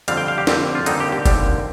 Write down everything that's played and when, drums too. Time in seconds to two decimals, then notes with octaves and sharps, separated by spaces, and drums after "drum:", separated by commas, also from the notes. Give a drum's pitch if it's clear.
0.08 F2 D3 G3 C4 F5, drum: hi-hat
0.17 G5
0.28 F5
0.38 G4
0.47 F2 D3 G3 C4, drum: snare
0.75 F4
0.86 D#2 D3 G3 C4 D#4, drum: hi-hat
1.00 G4
1.12 G4
1.26 D#2 D3 G3 C4, drum: kick F#1, hi-hat